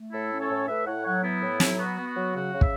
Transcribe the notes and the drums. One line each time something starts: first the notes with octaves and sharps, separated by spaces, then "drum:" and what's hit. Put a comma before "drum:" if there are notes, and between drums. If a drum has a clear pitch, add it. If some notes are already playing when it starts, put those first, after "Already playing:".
Already playing: A3
A2 E4 A4
C#4
A4 C#5
A2
A2 B4 E5
A2 C#5 F#5
F#3 C#5 F#5
B3 E4
A2
F#3, drum: snare
B3 F#4
B3
F#4
F#3
C#3 F#4
C#3
E5, drum: kick